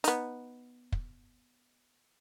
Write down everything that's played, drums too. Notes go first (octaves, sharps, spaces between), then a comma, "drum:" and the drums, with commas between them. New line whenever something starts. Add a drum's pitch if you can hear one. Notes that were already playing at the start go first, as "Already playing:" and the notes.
B3 D#4, drum: hi-hat
drum: kick